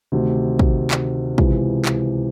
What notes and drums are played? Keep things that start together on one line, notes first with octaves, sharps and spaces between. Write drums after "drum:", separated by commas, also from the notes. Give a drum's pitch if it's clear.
D2 C3 D#3
drum: kick
drum: clap
C#2 C3 E3, drum: kick
drum: clap